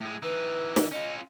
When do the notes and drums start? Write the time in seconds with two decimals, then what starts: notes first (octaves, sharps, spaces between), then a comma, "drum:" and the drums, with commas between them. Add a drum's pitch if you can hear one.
0.01 A2 G#3
0.23 E3 D#4 B4
0.76 drum: snare
0.92 C#4 F4 D#5